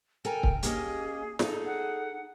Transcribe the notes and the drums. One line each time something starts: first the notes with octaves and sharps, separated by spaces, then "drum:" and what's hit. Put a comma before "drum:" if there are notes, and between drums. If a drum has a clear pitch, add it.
A4 A#4 G5 G#5 A#5
drum: kick C#1
A#3 C#4 G4 G#4 D#5, drum: hi-hat
D#4 G#4 A4, drum: snare
F#5